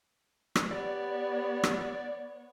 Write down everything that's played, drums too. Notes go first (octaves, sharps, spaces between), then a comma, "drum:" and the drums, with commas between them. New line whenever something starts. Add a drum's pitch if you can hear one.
drum: rim click
B3 G4 C#5 D5
drum: rim click